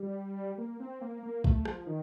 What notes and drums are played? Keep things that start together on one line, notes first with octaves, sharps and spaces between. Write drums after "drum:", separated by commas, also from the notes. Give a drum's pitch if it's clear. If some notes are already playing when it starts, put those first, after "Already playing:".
Already playing: G3
A#3
C4
A#3
A#3
A3, drum: kick
F3, drum: rim click
D#3